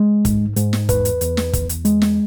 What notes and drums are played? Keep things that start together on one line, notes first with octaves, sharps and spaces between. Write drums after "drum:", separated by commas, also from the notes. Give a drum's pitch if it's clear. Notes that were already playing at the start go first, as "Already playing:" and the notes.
Already playing: G#3
G#2, drum: kick, hi-hat
G#2, drum: hi-hat
drum: snare
E2 B4, drum: kick, hi-hat
drum: hi-hat
E2, drum: hi-hat
drum: snare
E2, drum: kick, hi-hat
drum: hi-hat
G#3, drum: hi-hat
drum: snare